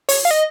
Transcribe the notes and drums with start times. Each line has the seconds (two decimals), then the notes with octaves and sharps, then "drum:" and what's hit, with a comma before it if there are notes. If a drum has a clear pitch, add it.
0.09 C#5, drum: open hi-hat
0.25 F5
0.31 D#5